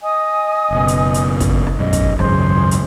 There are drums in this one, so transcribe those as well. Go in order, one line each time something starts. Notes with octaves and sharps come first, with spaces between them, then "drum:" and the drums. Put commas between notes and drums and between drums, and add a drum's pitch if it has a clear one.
D#5 G#5 D#6
F#1 B2
drum: hi-hat
drum: hi-hat
drum: kick, hi-hat
drum: rim click
B1 F#2 D#5
drum: kick, hi-hat
G#1 C#2 F#2 G#4 C5 C6, drum: rim click
drum: hi-hat